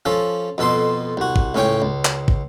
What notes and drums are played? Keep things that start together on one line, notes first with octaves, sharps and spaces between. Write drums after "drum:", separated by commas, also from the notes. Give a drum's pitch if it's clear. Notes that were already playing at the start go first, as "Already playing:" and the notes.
F3 C#4 A4
F2 B2 A4 A5 C6
C2 F#4
drum: kick
C#2 A2 C#4 C#5 G5
C#2
drum: clap
drum: kick